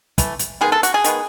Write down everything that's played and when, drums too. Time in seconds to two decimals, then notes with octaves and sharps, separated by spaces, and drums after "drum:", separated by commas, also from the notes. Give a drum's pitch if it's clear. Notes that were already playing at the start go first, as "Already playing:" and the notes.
0.18 E3 A3, drum: kick, hi-hat
0.39 drum: hi-hat
0.61 D#3 G#3 B3 G#4
0.72 A4
0.83 F#4, drum: hi-hat
0.94 G#4
1.04 D#3 G#3 B3, drum: hi-hat